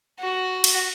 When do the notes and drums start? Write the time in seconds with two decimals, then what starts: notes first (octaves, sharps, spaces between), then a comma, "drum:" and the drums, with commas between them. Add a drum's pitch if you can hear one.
0.19 F#4
0.64 drum: cymbal